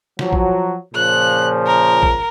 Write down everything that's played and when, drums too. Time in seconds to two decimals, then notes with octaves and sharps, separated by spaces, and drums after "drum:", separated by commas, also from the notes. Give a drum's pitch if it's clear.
0.19 F3 F#3, drum: snare
0.33 drum: kick
0.94 A#2 C#3 F3 F#6
1.66 A#4
2.03 drum: kick